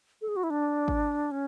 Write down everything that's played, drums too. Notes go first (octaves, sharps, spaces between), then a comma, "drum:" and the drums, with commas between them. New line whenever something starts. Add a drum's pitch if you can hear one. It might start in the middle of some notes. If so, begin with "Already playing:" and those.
A4
G#4
F#4
E4
D4
drum: kick G#1
C#4